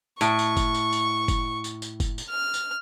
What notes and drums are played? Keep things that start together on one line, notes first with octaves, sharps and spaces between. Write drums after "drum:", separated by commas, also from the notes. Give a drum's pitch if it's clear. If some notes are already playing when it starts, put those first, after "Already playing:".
A2 C#6, drum: tambourine
drum: tambourine
drum: kick F#1, tambourine
drum: tambourine
drum: tambourine
drum: kick F#1, tambourine
drum: tambourine
drum: tambourine
drum: kick F#1, tambourine
drum: tambourine
F6
drum: tambourine